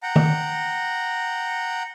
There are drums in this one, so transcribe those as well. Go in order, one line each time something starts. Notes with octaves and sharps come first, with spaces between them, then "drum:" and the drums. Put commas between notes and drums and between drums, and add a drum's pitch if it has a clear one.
F#5 G5 A#5
drum: tom D#3